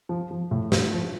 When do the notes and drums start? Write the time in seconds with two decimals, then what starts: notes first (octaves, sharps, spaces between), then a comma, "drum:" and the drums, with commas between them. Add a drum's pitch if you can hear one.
0.09 F3
0.31 F3
0.51 A2
0.72 A2, drum: snare
0.93 F3